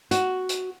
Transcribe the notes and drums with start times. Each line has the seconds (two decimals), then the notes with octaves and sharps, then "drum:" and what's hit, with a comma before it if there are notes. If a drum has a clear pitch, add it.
0.11 F#4, drum: hi-hat
0.49 drum: hi-hat